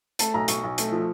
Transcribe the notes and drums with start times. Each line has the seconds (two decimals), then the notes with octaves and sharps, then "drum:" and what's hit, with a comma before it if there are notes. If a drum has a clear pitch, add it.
0.19 A3 A5, drum: hi-hat
0.34 B1 A#5
0.48 B1 C#6, drum: hi-hat
0.64 B1
0.78 A3, drum: hi-hat
0.92 F3